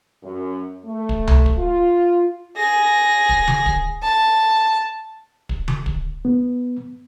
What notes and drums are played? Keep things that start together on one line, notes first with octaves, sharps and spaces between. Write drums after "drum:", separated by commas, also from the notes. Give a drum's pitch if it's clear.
F#2
A3
drum: kick
drum: tom C2
drum: kick
F4
G#4 A#6
drum: kick
drum: tom D3
drum: kick
A5
drum: kick
drum: tom D3
drum: kick
B3